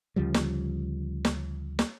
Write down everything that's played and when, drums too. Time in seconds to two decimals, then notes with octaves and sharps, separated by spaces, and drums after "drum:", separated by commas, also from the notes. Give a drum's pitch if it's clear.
0.16 D2 C#3 F3 G3
0.34 drum: snare
1.25 drum: snare
1.79 drum: snare